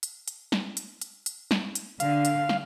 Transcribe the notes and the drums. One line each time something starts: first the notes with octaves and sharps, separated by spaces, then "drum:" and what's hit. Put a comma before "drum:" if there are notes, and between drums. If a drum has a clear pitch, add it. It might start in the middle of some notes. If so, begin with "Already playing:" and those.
drum: hi-hat
drum: hi-hat
drum: snare
drum: hi-hat
drum: hi-hat
drum: hi-hat
drum: snare
drum: hi-hat
D3 F5, drum: hi-hat
drum: hi-hat
drum: snare